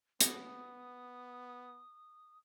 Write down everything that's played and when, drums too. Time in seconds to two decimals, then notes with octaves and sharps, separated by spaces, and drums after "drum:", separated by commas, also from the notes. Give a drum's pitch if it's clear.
0.21 B3 D#6, drum: hi-hat